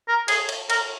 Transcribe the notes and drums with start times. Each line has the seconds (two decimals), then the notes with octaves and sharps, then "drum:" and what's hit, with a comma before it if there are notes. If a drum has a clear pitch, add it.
0.08 A#4
0.28 G#4, drum: cymbal
0.49 drum: cymbal
0.70 A#4, drum: cymbal